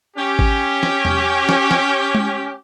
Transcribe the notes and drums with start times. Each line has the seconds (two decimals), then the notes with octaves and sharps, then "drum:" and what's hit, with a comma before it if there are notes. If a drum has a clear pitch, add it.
0.17 C#4 G4
0.39 drum: kick G#1
0.83 drum: snare
1.05 drum: tom E2
1.49 drum: snare
1.71 drum: snare
2.15 drum: tom G#3